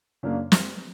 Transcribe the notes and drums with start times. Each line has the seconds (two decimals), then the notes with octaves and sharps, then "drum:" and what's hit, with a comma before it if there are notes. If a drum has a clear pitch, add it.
0.23 F#2 C#3 F#3 A#3 D4
0.52 drum: snare